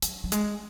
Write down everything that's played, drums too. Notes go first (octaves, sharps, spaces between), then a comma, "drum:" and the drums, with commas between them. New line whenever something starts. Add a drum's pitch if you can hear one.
F#3, drum: hi-hat
F#3
G#3, drum: hi-hat